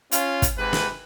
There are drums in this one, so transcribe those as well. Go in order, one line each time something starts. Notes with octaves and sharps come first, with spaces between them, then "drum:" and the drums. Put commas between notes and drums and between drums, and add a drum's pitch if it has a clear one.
C#4 F4, drum: hi-hat
drum: kick, hi-hat
G#2 C3 G#3 B4
drum: snare